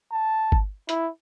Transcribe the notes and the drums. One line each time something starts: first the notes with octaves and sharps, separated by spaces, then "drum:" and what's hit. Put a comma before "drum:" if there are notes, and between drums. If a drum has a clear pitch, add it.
A5
drum: kick G1
E4, drum: hi-hat